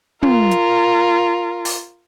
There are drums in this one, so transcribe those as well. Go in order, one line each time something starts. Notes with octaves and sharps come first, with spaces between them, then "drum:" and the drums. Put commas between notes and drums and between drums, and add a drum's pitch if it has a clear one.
F4 A#4, drum: tom
drum: hi-hat
drum: open hi-hat